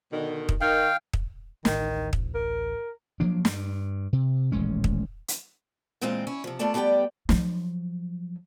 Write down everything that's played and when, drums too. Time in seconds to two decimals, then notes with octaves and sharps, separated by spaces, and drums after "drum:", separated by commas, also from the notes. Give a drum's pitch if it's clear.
0.13 B2 D3 D#3
0.49 drum: kick
0.61 D#3 F5 G5
1.13 drum: kick
1.65 A1 D2 D#3, drum: snare
2.13 drum: kick
2.35 A#4
3.20 F3 F#3 A#3 D4
3.45 G2, drum: snare
4.13 C3
4.52 D#1 A1 G#3 C#4
4.84 drum: kick
5.28 drum: hi-hat
6.01 A#2 E3 G#3 C4 F4 G5
6.27 C#4 E4
6.44 C3 F3
6.59 A3 B3 F4 A4 D5 A5
6.74 G3 B3 G4 D5 G5
7.29 F3 F#3, drum: snare